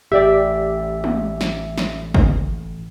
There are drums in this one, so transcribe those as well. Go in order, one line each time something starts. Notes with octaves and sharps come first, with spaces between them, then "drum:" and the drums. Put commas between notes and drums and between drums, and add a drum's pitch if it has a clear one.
A1 G4 D5 E5
drum: tom
drum: snare
drum: snare
drum: kick